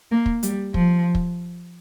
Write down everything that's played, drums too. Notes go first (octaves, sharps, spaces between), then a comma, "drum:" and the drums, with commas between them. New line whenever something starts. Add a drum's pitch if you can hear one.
A#3
drum: kick
G3, drum: hi-hat
F3, drum: kick
drum: kick